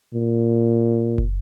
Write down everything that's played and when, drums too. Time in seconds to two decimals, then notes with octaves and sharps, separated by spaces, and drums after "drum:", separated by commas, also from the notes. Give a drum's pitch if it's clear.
0.14 A#2
1.18 drum: kick